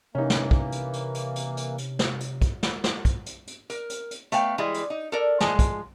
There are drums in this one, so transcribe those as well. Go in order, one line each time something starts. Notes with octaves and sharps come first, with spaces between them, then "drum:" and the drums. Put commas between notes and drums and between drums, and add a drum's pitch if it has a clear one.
C3 E3 A#3 C#4 D#4
drum: snare
drum: kick
drum: hi-hat
drum: hi-hat
drum: hi-hat
drum: hi-hat
drum: hi-hat
drum: hi-hat
drum: snare
drum: hi-hat
drum: kick, hi-hat
drum: snare
drum: snare
drum: kick, hi-hat
drum: hi-hat
drum: hi-hat
A#4, drum: hi-hat
drum: hi-hat
drum: hi-hat
A3 B3 F5 G5, drum: hi-hat
E3 G3 G#3 E4
drum: hi-hat
D#4
A4 A#4 D5
F3 G#3, drum: snare
drum: kick, hi-hat